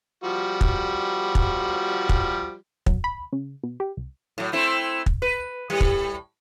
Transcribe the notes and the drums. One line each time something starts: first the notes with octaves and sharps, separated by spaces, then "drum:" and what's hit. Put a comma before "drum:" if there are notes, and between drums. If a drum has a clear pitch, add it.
F3 G3 F#4
drum: kick
drum: kick
drum: kick
F#3, drum: kick
B5
C#3
B2
G4
C2
A2 F#3
A3 C4 E4
drum: kick
B4
A2 G3
drum: kick